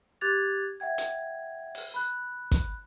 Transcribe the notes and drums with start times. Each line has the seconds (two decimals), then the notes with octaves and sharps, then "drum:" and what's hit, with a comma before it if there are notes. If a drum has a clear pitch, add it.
0.21 G4 D6 F#6 G#6 A6 F7
0.80 E5 F#5 G5 G#6
0.98 drum: hi-hat
1.75 drum: open hi-hat
1.94 B5 F#6
2.51 drum: kick, hi-hat